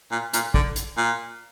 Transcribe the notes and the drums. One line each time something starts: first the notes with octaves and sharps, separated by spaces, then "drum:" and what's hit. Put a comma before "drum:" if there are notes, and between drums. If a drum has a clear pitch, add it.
A#2
A#2, drum: hi-hat
D3, drum: kick
drum: hi-hat
A#2